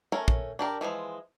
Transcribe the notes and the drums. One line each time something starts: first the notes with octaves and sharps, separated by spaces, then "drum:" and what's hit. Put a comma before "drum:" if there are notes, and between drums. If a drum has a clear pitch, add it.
A3 C#4 A#4 C#5
drum: kick
D4 G4 A#4
E3 F3 G3 G#3